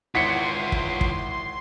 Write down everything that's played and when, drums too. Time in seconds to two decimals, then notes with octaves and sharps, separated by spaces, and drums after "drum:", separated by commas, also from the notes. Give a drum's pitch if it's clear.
0.15 G#1 E4 F4 C#5 F#5 C6 B6 C#7
0.72 drum: kick
1.01 drum: kick